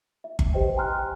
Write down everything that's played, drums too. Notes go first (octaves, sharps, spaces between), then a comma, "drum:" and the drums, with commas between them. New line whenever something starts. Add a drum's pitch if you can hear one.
E5
drum: kick G1
G4 B4 C5 D#5 G5
G5 G#5 A#5 C6 F6 F#6